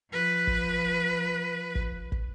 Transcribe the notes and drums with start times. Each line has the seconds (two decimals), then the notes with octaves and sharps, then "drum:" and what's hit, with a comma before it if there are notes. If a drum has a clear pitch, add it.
0.11 F3 B4
0.47 drum: kick
1.75 drum: kick
2.12 drum: kick